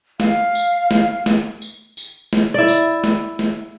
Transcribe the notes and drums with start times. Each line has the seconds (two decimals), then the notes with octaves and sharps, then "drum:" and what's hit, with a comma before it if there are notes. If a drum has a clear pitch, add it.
0.20 F5, drum: snare
0.55 drum: tambourine
0.91 drum: snare
1.26 drum: snare
1.62 drum: tambourine
1.97 drum: tambourine
2.33 drum: snare
2.54 E4 D5
2.68 drum: tambourine
3.04 drum: snare
3.39 drum: snare